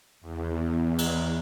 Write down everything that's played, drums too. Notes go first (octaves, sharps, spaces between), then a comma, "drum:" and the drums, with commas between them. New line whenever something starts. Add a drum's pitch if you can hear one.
E2
drum: cymbal